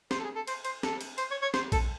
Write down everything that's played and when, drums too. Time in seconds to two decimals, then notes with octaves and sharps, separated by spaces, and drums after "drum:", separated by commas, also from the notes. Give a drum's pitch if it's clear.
0.11 C5, drum: snare
0.19 A4
0.24 G#4
0.35 A4
0.47 C5, drum: cymbal
0.65 C5, drum: cymbal
0.83 A4, drum: snare
1.01 drum: cymbal
1.18 C5, drum: cymbal
1.31 C#5
1.42 C#5
1.54 C5, drum: snare
1.72 A4, drum: kick, cymbal